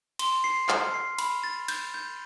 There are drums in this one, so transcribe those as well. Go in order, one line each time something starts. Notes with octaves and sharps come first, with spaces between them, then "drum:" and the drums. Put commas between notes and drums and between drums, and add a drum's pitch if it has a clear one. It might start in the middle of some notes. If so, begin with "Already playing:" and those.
C6, drum: cymbal
C7
F6, drum: clap
C7
B5, drum: cymbal
A6
G6, drum: cymbal
G6